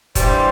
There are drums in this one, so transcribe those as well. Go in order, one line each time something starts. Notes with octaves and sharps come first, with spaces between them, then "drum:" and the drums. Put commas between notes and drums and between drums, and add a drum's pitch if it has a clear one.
G2 E3 G3 C5, drum: kick, hi-hat